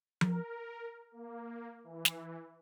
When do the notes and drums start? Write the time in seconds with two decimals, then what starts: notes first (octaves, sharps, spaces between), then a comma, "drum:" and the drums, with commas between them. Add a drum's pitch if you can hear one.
0.21 A#4, drum: tom F3
1.12 A#3
1.84 E3
2.05 drum: snare